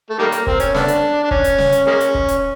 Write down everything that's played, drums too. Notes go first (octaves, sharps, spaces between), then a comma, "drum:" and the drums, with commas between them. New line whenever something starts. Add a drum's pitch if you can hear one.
A3
D#3 G3 A#3
drum: hi-hat
C4, drum: kick
C#4, drum: hi-hat
A3 B3 D4, drum: snare
drum: hi-hat
D4
C#4, drum: kick
drum: hi-hat
drum: snare
drum: hi-hat
G#3 A#3 C#4
drum: hi-hat
drum: kick
drum: hi-hat